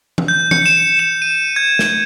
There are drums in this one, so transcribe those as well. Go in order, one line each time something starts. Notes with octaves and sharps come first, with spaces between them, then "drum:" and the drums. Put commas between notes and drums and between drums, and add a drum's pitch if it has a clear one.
drum: tom E3
G6
C#7, drum: tom E3
E7
E7
D#7
G#6
drum: snare